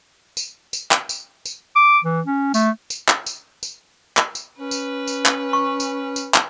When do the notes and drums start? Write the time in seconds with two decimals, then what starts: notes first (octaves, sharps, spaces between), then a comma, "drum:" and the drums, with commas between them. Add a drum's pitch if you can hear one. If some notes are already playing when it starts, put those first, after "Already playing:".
0.37 drum: tambourine
0.73 drum: tambourine
0.91 drum: clap
1.09 drum: tambourine
1.45 drum: tambourine
1.76 D6
2.05 E3
2.26 C#4
2.54 A3, drum: tambourine
2.90 drum: tambourine
3.08 drum: clap
3.27 drum: tambourine
3.63 drum: tambourine
4.17 drum: clap
4.35 drum: tambourine
4.59 C#4 B4
4.71 drum: tambourine
5.08 drum: tambourine
5.26 drum: clap
5.53 C#6
5.80 drum: tambourine
6.16 drum: tambourine
6.34 drum: clap